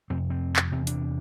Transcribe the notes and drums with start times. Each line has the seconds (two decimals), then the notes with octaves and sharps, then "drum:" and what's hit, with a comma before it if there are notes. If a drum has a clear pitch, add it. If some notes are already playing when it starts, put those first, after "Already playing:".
0.10 F2 C3 C4
0.30 C4
0.56 drum: clap
0.71 E2 C3 C4
0.87 D4, drum: hi-hat